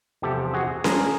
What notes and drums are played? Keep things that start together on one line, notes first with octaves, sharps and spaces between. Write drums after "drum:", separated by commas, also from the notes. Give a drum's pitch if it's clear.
E2 C3 F3 G4 A4
F#4 G#4
G#4 A#4, drum: snare C#4